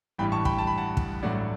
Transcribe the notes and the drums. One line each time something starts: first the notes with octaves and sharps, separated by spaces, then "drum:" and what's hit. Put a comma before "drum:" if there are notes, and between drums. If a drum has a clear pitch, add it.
A1 G2 E3 G3 G5 B5
A5 C#6
G5 B5, drum: kick
A5
B5
F#5 A5
drum: kick
A1 G2 F#3 A3 D4 D5 F#5